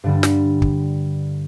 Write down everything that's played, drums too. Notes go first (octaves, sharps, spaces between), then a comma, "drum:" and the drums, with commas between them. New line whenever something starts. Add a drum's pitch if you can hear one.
G2 D3 G3
drum: snare
drum: kick